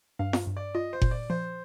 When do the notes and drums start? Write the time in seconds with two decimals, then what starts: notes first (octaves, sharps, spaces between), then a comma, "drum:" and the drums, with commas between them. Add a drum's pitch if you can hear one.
0.19 G2 F5
0.33 drum: snare F4
0.47 G2
0.57 D5
0.75 F4 D#5
0.93 C5
1.02 A#2, drum: kick F#1
1.11 D5
1.30 F3 C5